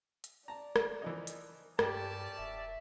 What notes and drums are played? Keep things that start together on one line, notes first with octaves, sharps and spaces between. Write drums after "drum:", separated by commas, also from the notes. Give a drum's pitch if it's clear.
drum: hi-hat
D5 A5 A#5
drum: rim click
E3 F3 D#4
drum: hi-hat
G2 C#4 G4 D5 A5, drum: rim click
E1 E5